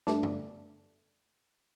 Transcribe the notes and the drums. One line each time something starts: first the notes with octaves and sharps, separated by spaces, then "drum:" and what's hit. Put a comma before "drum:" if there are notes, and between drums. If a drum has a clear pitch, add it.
G2 A3 D4, drum: snare
drum: tom